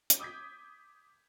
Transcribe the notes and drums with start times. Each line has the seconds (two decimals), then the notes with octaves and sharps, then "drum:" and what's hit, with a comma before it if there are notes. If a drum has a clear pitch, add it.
0.10 drum: hi-hat
0.19 D6 D#6 G6 G#6 B6